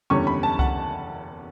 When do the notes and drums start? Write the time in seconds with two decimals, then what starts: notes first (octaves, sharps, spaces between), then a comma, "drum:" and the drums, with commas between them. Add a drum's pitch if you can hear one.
0.10 F#1 E2 D3 G3 C#4 C#6
0.27 B5
0.43 A5
0.59 F#5, drum: kick C2